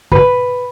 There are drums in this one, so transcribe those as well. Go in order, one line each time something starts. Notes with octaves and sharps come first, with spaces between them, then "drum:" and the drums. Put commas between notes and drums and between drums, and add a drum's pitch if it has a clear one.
B4, drum: kick